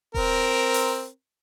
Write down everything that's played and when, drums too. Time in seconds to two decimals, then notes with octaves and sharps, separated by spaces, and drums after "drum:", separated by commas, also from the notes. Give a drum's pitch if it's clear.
0.14 C4 A#4, drum: kick D#1
0.74 drum: open hi-hat